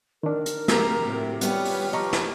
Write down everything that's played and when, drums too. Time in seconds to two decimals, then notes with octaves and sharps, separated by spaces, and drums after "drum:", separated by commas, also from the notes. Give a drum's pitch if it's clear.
0.23 D#3 D4 A#4
0.46 drum: hi-hat
0.68 F3 G#3 A3 C4 G4 A#5, drum: snare
1.02 A2 C3 F#3
1.41 G3 B3 C#4 F4 B4 C#5, drum: hi-hat
1.65 drum: open hi-hat
1.93 F3 G4 D#5 A#5 C#6
2.13 drum: snare